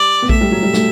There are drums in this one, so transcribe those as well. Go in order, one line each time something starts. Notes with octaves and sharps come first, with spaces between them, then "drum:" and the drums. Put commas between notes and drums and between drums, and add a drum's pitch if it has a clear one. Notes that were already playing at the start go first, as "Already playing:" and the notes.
Already playing: G3 D5
B3
A3 E5, drum: kick A#1
G3
F#3
G3
A3, drum: snare